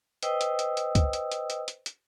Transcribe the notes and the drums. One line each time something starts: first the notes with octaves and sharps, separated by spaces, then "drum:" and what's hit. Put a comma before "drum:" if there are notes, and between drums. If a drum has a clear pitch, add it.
B4 C5 D#5 G5 D#6 E6, drum: hi-hat
drum: hi-hat
drum: hi-hat
drum: hi-hat
drum: kick, hi-hat
drum: hi-hat
drum: hi-hat
drum: hi-hat
drum: hi-hat
drum: hi-hat